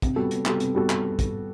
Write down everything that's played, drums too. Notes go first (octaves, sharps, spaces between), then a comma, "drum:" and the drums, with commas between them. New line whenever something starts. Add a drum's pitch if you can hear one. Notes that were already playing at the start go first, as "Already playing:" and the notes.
C3, drum: kick, hi-hat
G3 B3 F#4 A4
C3, drum: hi-hat
G3 B3 F#4 A4, drum: clap
C3, drum: hi-hat
G3 B3 F#4 A4
drum: clap
drum: kick, hi-hat